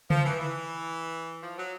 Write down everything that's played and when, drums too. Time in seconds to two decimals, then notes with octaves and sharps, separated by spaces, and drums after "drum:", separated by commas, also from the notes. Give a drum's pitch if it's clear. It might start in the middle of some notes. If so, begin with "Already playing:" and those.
0.10 F3, drum: tom C#3
0.25 E3
0.40 E3
1.42 F3
1.57 F#3